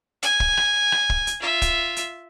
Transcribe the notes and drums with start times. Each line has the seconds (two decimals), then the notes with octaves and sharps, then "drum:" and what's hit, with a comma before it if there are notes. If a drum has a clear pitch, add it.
0.23 G#5, drum: hi-hat
0.40 drum: kick
0.57 drum: rim click
0.92 drum: rim click
1.10 drum: kick
1.27 drum: hi-hat
1.40 F4 E5
1.62 drum: kick, hi-hat
1.96 drum: hi-hat